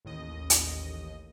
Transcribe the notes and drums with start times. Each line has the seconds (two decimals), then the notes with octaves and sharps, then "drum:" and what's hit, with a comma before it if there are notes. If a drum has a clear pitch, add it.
0.05 A1 D#2 D#5
0.50 drum: hi-hat